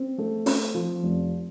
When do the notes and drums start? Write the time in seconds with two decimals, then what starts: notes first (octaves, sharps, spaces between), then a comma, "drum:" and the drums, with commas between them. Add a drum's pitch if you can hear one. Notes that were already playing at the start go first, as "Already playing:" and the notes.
Already playing: C4
0.18 A3
0.46 C4, drum: open hi-hat
0.74 F3
1.03 F1